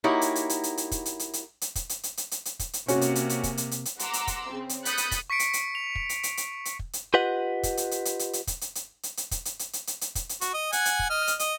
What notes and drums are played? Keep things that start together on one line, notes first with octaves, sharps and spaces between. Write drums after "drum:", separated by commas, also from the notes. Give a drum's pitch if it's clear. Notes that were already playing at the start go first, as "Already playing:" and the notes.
A#3 D#4 E4 F#4 G4 C#5
drum: hi-hat
drum: hi-hat
drum: hi-hat
drum: hi-hat
drum: hi-hat
drum: kick, hi-hat
drum: hi-hat
drum: hi-hat
drum: hi-hat
drum: hi-hat
drum: kick, hi-hat
drum: hi-hat
drum: hi-hat
drum: hi-hat
drum: hi-hat
drum: hi-hat
drum: kick, hi-hat
drum: hi-hat
C3 A#3 C#4 F#4, drum: hi-hat
drum: hi-hat
drum: hi-hat
drum: hi-hat
drum: kick, hi-hat
drum: hi-hat
drum: hi-hat
drum: hi-hat
F#5 A#5 C6 D6 E6, drum: hi-hat
drum: hi-hat
drum: kick, hi-hat
C#3 C4
drum: hi-hat
B5 D#6 F#6 G6 A6 C#7, drum: hi-hat
drum: hi-hat
drum: kick, hi-hat
C#6 B6 C#7 D7
drum: hi-hat
drum: hi-hat
F7
drum: kick
drum: hi-hat
drum: hi-hat
drum: hi-hat
drum: hi-hat
drum: kick
drum: hi-hat
F4 G4 B4 D#5 F#5
drum: kick, hi-hat
drum: hi-hat
drum: hi-hat
drum: hi-hat
drum: hi-hat
drum: hi-hat
drum: kick, hi-hat
drum: hi-hat
drum: hi-hat
drum: hi-hat
drum: hi-hat
drum: kick, hi-hat
drum: hi-hat
drum: hi-hat
drum: hi-hat
drum: hi-hat
drum: hi-hat
drum: kick, hi-hat
drum: hi-hat
F#4, drum: hi-hat
D#5
F#5 G#5, drum: hi-hat
drum: hi-hat
drum: kick
D#5 F6
drum: hi-hat
D#5, drum: hi-hat